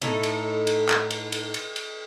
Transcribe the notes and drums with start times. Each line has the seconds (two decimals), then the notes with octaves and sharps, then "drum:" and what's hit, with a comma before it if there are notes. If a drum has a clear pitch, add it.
0.02 A2 D#4 A4, drum: cymbal
0.23 drum: cymbal
0.67 drum: cymbal
0.89 drum: clap
1.11 drum: cymbal
1.32 drum: cymbal
1.54 drum: cymbal
1.76 drum: cymbal